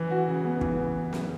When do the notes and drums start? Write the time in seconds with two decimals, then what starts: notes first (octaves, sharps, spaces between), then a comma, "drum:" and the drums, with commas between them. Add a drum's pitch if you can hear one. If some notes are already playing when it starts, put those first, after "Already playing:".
Already playing: E3
0.11 F#4
0.28 C#3
0.45 B3
0.61 E3, drum: kick
1.13 drum: snare